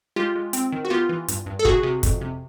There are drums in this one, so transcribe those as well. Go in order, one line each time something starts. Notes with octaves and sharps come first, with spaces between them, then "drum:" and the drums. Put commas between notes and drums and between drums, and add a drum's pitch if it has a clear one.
G#3 F4 G4
G#3
C4, drum: hi-hat
D#3
F#4
B3 F4 G4
E3
G2, drum: hi-hat
G2
A4
C3 F#4 G#4, drum: kick
C3
F2, drum: kick, hi-hat
C3